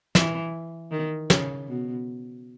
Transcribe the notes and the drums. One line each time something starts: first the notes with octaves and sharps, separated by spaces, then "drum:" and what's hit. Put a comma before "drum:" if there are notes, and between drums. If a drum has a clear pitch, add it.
E3, drum: snare
D#3
C#3, drum: snare
B2